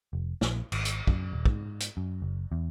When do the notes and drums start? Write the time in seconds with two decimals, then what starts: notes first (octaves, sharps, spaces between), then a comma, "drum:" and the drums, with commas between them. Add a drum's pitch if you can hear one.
0.13 F1
0.41 A#1, drum: snare
0.72 G#1, drum: cymbal
0.85 drum: hi-hat
1.07 F#2, drum: kick
1.33 D#1
1.45 G#2, drum: kick
1.80 drum: hi-hat
1.97 F#2
2.22 F#1
2.52 E2